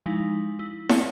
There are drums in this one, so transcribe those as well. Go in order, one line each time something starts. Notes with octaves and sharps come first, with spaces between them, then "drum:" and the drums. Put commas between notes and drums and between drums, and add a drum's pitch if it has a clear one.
F3 G#3 D#4 E4
E4
C#5, drum: snare